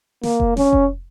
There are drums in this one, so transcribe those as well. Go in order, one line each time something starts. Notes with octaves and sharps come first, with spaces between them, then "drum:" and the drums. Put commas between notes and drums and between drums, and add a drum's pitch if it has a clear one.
A#3, drum: snare
drum: kick F1
C#4, drum: snare
drum: kick F1